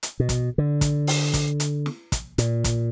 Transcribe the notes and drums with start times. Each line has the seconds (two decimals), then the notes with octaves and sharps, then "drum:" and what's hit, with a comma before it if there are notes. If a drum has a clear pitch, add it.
0.03 drum: hi-hat
0.20 B2
0.29 drum: kick, hi-hat
0.58 D3
0.81 drum: kick, hi-hat
1.07 drum: open hi-hat
1.34 drum: kick, hi-hat
1.60 drum: hi-hat
1.86 drum: snare
2.12 drum: kick, hi-hat
2.38 A#2, drum: hi-hat
2.64 drum: kick, hi-hat